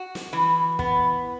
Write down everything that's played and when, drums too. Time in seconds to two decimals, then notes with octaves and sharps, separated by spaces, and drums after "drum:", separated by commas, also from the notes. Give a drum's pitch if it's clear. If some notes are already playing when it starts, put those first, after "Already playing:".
Already playing: F#4
0.15 drum: snare
0.33 E3
0.79 B3, drum: kick